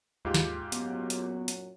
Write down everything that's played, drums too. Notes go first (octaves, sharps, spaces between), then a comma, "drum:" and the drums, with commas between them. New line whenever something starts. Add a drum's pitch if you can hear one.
D#2 G#2 F4 G4
drum: snare
F#2 A#2 F#3 B3, drum: hi-hat
drum: hi-hat
drum: hi-hat